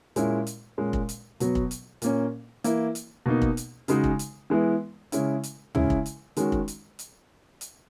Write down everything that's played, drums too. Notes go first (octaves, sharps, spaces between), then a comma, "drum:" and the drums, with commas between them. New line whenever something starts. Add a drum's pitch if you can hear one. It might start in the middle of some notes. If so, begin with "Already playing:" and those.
A#2 G#3 C#4 E4, drum: hi-hat
drum: hi-hat
A#2 G#3 C#4
drum: kick
drum: hi-hat
B2 F#3 B3, drum: hi-hat
drum: kick
drum: hi-hat
A#2 A#3 C#4, drum: hi-hat
E3 A#3 E4, drum: hi-hat
drum: hi-hat
B2 A#3 D#4
drum: kick
drum: hi-hat
C#3 G#3 D#4 F#4, drum: hi-hat
drum: kick
drum: hi-hat
E3 G#3 B3 E4
C#3 G#3 C#4 E4, drum: hi-hat
drum: hi-hat
C#3 G#3 C#4 E4, drum: tom
drum: kick
drum: hi-hat
D#3 G#3 C#4 F#4, drum: hi-hat
drum: kick
drum: hi-hat
drum: hi-hat
drum: hi-hat